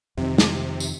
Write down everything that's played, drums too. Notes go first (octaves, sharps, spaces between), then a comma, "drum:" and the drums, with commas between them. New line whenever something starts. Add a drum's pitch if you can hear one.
F2 C3 D#3
drum: snare
drum: tambourine